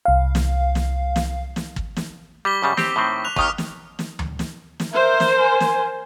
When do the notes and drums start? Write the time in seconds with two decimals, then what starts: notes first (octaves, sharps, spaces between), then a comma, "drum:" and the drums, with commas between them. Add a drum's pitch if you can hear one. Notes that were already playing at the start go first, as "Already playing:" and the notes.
0.05 C2 F5
0.35 drum: snare
0.75 drum: snare
1.16 drum: snare
1.56 drum: snare
1.76 drum: kick
1.97 drum: snare
2.45 G3 D6 B6 G7
2.63 F#2 C#3 G3
2.77 C4 G4, drum: snare
2.96 A2 D#3 C4
3.24 F#6 F7
3.36 D#2 D#3 C#6 D#6 F6, drum: kick
3.58 drum: snare
3.99 drum: snare
4.19 drum: tom D2
4.39 drum: snare
4.80 drum: snare
4.93 A#4 C5 E5
5.20 drum: snare
5.39 G#5
5.60 drum: snare